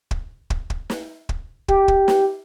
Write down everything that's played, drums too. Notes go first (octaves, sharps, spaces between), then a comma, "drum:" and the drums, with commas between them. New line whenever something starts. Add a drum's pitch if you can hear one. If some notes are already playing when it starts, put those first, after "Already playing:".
drum: kick
drum: kick
drum: kick
drum: snare
drum: kick
G4, drum: kick
drum: kick
drum: snare